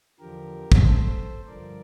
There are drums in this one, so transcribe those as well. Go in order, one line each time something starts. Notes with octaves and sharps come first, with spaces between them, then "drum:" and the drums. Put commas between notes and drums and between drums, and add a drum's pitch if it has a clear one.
E2 D3 F3 G4 A#4
drum: kick
A4 C5
G2 D3 F3 A#4 D5